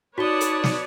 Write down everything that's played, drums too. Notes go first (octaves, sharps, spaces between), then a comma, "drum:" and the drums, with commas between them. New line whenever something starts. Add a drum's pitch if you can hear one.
D#4 F#4 B4 C#5 D5 A5 D#6 G7
drum: hi-hat
drum: snare